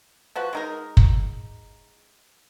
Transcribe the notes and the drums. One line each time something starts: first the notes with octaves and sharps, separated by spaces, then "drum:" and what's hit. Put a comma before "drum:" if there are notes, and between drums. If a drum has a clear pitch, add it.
F3 F#4 B4
G#3 D#4 A#4
drum: kick